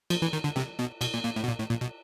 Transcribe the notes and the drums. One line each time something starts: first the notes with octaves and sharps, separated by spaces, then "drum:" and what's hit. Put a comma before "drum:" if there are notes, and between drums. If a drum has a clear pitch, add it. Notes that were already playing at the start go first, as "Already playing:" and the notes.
F3, drum: cymbal
E3
D#3
D3
C3, drum: snare
B2
B2, drum: cymbal
A#2
A#2
A2
B2
A#2
A2
A#2
B2